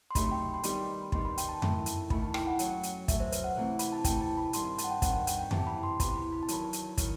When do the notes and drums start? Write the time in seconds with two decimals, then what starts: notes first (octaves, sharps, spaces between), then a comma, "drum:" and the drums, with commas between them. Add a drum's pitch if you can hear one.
0.11 C6
0.15 C3 F#3 A3 D#4 G4 B5, drum: kick, hi-hat
0.31 G5
0.54 C6
0.63 D#3 G3 B3 D#4 G4 B5, drum: hi-hat
1.12 D#3 G3 B3 D#4 G4 C6, drum: kick
1.25 B5
1.38 G5, drum: hi-hat
1.49 A5
1.62 E2 D#3 A3 E4, drum: tom F2
1.86 drum: hi-hat
2.10 E2 D#3 A3 E4 B5, drum: kick
2.22 A5
2.34 G5, drum: rim click
2.47 F#5
2.59 F#2 F#3 A3, drum: hi-hat
2.83 drum: hi-hat
3.08 F#2 F#3 A3 E5, drum: kick, hi-hat
3.20 C5
3.32 B4, drum: hi-hat
3.44 F#5
3.56 C3 E3 A3 C4
3.79 B5, drum: hi-hat
3.92 A5
4.04 C3 E3 A3 C4 G5, drum: kick, hi-hat
4.21 A5
4.37 B5
4.53 G2 D#3 G3 C4 C6, drum: hi-hat
4.66 B5
4.78 A5, drum: hi-hat
4.84 F#5
4.90 G5
5.02 G2 D#3 G3 C4 F#5, drum: kick, hi-hat
5.27 G5, drum: hi-hat
5.39 G5
5.51 C3 E3 B3 E4 G4 A5, drum: tom F2
5.67 B5
5.83 C6
6.00 C3 E3 B3 E4 G4 B5, drum: kick, hi-hat
6.16 B5
6.33 B5
6.43 A5
6.48 E2 D#3 F#3 B5, drum: hi-hat
6.73 drum: hi-hat
6.98 D#3 F#3, drum: kick, hi-hat